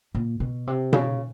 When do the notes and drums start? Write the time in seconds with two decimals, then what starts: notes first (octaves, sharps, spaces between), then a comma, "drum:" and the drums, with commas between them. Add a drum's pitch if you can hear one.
0.15 A#2
0.40 B2
0.67 C3
0.93 C#3, drum: tom B2